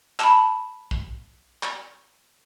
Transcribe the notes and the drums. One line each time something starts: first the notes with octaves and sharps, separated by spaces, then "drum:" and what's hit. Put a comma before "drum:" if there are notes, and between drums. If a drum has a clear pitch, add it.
A5 B5, drum: clap
drum: kick
drum: clap